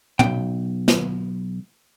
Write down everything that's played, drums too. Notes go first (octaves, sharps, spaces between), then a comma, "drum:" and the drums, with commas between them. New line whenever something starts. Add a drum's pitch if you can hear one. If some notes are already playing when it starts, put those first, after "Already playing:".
B1 G#2 G5, drum: tom
drum: snare